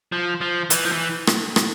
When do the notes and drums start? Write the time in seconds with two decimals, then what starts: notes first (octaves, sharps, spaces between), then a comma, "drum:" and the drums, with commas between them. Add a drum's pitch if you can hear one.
0.12 F3
0.41 F3
0.70 E3, drum: hi-hat
0.85 F3
0.92 E3
1.27 drum: rim click
1.56 drum: rim click